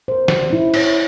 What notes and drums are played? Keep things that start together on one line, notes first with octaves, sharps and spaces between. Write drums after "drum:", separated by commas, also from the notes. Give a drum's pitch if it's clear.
A#4 C5
drum: snare
C#4 E4
E4 C#5, drum: cymbal